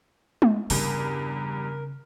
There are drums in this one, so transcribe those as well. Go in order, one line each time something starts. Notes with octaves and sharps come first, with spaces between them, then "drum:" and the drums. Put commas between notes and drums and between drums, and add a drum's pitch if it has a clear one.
drum: tom G#3
E2 G2 C#3 A#4, drum: open hi-hat